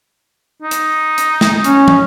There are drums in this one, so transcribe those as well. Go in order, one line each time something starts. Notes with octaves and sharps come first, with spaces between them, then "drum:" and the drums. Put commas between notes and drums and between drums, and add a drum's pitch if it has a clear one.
D#4
drum: hi-hat
drum: hi-hat
drum: snare
C#4, drum: hi-hat
drum: tom